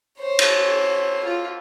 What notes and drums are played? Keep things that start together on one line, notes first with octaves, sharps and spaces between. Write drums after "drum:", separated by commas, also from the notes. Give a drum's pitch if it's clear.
C5 C#5
drum: cymbal
F4